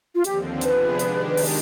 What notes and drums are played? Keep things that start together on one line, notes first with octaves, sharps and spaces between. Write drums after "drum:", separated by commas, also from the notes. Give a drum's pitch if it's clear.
F4
D#2 D3 F3 C4 G4, drum: hi-hat
C3 F3 B3 D4 G#4 B4, drum: hi-hat
D#3 G#3 D4 G4, drum: hi-hat
drum: open hi-hat